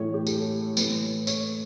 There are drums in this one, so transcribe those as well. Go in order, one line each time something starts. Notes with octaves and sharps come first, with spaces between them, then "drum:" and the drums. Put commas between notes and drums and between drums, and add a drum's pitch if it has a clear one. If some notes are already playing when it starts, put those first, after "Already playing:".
Already playing: A2 E3 C#5
G4
A4, drum: tambourine
A2 E3 B4, drum: tambourine
C#5, drum: tambourine